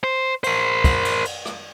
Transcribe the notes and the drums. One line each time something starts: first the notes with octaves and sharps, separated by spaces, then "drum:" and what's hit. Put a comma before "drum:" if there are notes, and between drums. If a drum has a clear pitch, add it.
C5
A#4 C5, drum: cymbal
drum: kick, cymbal
drum: cymbal
drum: cymbal
drum: rim click